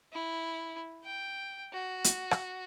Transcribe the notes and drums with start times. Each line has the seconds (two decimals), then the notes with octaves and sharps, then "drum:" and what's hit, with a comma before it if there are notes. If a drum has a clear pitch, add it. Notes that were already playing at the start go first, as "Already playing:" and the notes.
0.13 E4
1.05 G5
1.73 F#4
2.04 drum: hi-hat
2.31 drum: rim click